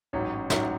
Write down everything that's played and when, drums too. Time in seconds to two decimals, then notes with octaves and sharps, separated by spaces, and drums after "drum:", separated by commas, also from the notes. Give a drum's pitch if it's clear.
0.13 A1 G#2 F#3 C#4
0.50 A1 G#2 F#3, drum: snare